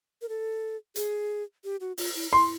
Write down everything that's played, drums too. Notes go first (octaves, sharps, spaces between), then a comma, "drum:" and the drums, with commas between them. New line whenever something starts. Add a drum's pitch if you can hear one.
A#4
A4
G#4, drum: hi-hat
G4
F#4
F4, drum: open hi-hat
E4
E4 C6